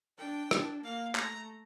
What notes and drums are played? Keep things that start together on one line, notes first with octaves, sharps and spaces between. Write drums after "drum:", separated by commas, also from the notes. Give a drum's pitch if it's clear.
D4 G5
D4, drum: rim click
A#3 F5
A3 A#5, drum: clap